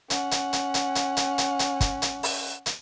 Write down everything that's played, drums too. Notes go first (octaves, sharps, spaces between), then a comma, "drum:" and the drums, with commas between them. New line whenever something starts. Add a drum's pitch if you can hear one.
C#4 F#5, drum: hi-hat
drum: hi-hat
drum: hi-hat
drum: hi-hat
drum: hi-hat
drum: hi-hat
drum: hi-hat
drum: hi-hat
drum: kick, hi-hat
drum: hi-hat
drum: open hi-hat
drum: hi-hat